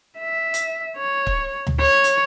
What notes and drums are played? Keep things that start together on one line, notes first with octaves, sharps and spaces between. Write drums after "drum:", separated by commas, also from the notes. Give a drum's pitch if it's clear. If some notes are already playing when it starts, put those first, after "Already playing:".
E5
drum: hi-hat
C#5
drum: kick
drum: tom D2
C#5
drum: hi-hat